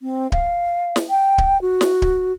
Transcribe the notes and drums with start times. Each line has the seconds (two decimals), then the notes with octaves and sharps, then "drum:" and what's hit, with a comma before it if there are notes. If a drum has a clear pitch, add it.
0.01 C4
0.32 F5, drum: kick D1
0.96 drum: snare
1.10 G5
1.38 drum: kick D1
1.62 F#4
1.81 drum: snare
2.02 drum: kick D1